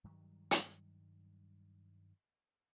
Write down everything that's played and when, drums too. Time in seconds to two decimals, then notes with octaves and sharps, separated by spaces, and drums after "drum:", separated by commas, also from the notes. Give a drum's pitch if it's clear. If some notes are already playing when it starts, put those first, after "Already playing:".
0.04 G2 D#3 F#3 G3
0.51 drum: hi-hat